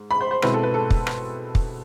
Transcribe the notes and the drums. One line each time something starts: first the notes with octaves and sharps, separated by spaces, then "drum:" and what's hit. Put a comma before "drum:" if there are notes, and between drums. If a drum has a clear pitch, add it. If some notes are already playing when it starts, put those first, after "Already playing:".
Already playing: G#2
B5
C5
C5
B2 G#3 C4 E4 B4, drum: rim click
A4
B4
A4
drum: kick
drum: rim click
drum: kick